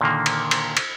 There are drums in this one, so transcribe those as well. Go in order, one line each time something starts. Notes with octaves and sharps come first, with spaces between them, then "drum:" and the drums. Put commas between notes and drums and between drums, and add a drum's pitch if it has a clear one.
A#2 D3 D#3 A#3
drum: cymbal
drum: cymbal
drum: cymbal